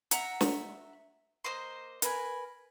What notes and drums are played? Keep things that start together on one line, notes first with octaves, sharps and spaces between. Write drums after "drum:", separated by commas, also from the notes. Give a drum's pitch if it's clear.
E5 F#5 A#5, drum: hi-hat
drum: snare
A#3 C5 D#5 C6
A#4 B4 G#5, drum: hi-hat